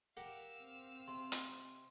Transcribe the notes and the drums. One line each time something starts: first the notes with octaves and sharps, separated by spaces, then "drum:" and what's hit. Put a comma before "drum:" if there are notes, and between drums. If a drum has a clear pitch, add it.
G4 A#4 F5 F#5 E6
C4
C3 C6
drum: hi-hat